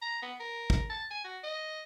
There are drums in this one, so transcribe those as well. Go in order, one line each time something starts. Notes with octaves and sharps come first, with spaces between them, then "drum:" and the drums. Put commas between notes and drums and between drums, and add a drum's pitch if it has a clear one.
A#5
B3
A#4
drum: kick
A5
G#5
F#4
D#5